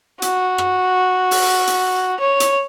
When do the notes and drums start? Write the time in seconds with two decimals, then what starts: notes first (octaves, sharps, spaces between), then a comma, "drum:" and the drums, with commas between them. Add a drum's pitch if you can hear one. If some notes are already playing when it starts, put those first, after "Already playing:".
0.22 F#4, drum: hi-hat
0.58 drum: rim click
1.31 drum: open hi-hat
1.67 drum: hi-hat
2.20 C#5
2.40 drum: hi-hat